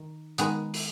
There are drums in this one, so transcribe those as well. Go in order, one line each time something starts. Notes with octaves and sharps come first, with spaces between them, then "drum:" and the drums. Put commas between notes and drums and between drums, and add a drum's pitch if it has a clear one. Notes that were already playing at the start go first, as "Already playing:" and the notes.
Already playing: D#3
D#3 G#3 B3, drum: hi-hat
drum: open hi-hat